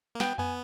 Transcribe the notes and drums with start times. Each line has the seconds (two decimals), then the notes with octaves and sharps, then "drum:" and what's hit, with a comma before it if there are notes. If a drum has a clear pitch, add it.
0.15 A#3
0.20 B3 G5, drum: snare
0.38 B3 G#5, drum: tom F2